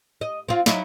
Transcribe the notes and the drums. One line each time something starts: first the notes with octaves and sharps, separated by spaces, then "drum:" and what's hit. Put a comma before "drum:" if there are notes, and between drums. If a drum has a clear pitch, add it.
D#5
C4 F4
F#3 D#4 E4, drum: snare